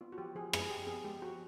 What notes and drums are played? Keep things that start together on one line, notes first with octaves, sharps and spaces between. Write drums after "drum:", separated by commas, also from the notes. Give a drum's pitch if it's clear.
B3 F4
F#4
F3 G4
F3 G#4
G#3 G#4, drum: rim click
G#4
F3 G4
B3 G#4
G#3 G4
F3 F#4